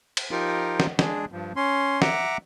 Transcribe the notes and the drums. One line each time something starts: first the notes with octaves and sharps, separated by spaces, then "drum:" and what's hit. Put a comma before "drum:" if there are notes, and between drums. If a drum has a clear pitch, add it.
drum: cymbal
F3 D#4 F4 G4 A#4
drum: snare
G#3 D4 G#4, drum: snare
G2 F3
C#4 C6
E5 F#5 A#5 D6, drum: snare